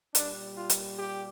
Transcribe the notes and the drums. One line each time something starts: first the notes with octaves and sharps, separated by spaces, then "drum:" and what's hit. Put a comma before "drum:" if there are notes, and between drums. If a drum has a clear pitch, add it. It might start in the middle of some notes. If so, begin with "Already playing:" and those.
A#2 G3 D4, drum: hi-hat
F4
drum: hi-hat
G4